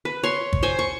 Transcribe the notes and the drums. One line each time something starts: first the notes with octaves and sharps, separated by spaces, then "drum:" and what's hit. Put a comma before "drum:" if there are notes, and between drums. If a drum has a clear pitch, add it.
B4
C#5 C6
drum: kick
C5 G#5
C#6